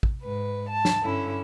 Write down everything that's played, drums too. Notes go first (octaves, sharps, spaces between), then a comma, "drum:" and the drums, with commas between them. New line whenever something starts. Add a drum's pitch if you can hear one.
drum: kick A1
G#2 B4
A5
drum: snare
G2 D3 C#4 E4